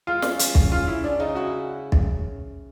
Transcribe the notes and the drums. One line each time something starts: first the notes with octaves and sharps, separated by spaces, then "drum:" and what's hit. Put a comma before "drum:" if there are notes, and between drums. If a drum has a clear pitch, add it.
G#3 F4
C#4, drum: snare
C#4, drum: hi-hat
C#4, drum: kick
C#4 F4
C#4 E4
C#4 D4
C#3 D#4
E4 F#4
drum: kick